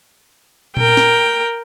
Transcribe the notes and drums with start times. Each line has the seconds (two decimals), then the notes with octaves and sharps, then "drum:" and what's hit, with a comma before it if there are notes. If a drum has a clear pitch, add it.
0.77 A#4 G5, drum: tom A#2
0.97 drum: snare